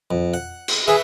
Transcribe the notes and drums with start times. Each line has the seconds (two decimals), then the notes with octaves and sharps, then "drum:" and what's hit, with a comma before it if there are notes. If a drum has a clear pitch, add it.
0.11 F2
0.34 F#5
0.68 drum: cymbal
0.87 G#4 B4 E5